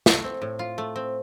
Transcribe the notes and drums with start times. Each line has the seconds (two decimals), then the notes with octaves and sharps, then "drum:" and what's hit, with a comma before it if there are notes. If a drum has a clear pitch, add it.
0.06 A3, drum: snare
0.24 C4
0.42 A2
0.59 F4
0.78 A3
0.96 C4